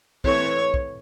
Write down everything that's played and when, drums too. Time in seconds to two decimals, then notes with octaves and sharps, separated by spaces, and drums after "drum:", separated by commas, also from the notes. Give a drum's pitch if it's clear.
0.24 E3 A3 C4 C#5, drum: kick
0.74 drum: kick